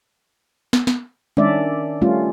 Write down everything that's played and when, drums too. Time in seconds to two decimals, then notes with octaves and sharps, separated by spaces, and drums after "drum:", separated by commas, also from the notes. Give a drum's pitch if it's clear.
0.73 drum: snare
0.87 drum: snare
1.37 D#3 C#4 D4 D5 E5, drum: tom G3
2.01 G3 A3 C#4 F4